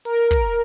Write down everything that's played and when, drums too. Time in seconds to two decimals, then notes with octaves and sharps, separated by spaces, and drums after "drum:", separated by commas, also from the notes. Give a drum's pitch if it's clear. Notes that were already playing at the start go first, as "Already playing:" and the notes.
0.05 A#4, drum: hi-hat
0.31 drum: kick, hi-hat